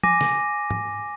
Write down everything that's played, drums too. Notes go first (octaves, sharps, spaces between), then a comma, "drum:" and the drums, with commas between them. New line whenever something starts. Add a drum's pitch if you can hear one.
G#5 D6 A#6 D#7, drum: tom F3
drum: snare
drum: tom